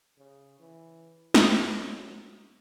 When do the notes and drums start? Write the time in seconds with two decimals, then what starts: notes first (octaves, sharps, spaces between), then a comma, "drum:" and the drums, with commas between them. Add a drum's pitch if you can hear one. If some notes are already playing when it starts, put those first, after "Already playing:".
0.18 C#3
0.59 E3
1.34 F#3, drum: snare